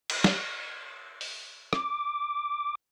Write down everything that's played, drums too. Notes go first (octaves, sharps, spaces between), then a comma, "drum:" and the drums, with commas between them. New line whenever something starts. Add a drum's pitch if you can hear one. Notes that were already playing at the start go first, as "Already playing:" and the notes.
drum: cymbal
drum: snare
drum: open hi-hat
D6, drum: rim click